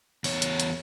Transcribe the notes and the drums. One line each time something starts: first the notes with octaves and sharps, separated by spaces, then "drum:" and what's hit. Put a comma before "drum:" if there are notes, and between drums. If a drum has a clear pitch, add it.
E2 C#5, drum: open hi-hat
drum: hi-hat
drum: hi-hat